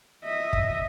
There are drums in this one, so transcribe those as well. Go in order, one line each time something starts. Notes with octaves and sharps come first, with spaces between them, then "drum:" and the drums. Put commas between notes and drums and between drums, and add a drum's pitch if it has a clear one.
D#5 E5
drum: kick